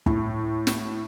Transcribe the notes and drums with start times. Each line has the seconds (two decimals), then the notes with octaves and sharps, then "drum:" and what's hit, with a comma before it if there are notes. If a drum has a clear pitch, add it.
0.06 A2, drum: kick
0.67 drum: snare